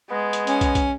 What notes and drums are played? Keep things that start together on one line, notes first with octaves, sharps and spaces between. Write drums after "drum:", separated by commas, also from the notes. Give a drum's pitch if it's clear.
G#3 B3
drum: hi-hat
C#4, drum: hi-hat
drum: kick, hi-hat
drum: kick, hi-hat